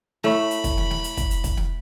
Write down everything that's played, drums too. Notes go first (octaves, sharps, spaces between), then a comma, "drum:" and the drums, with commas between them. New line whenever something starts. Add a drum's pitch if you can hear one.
A3 E4 C#5 B5 C#6, drum: snare
drum: hi-hat
drum: kick, hi-hat
drum: snare
drum: snare
drum: hi-hat
drum: kick, hi-hat
drum: hi-hat
drum: kick, hi-hat
drum: snare